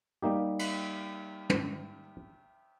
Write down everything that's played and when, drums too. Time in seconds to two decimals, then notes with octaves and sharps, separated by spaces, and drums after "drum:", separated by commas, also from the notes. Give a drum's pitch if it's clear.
0.22 G3 A#3 D#4 G4
0.59 drum: cymbal
1.50 drum: tom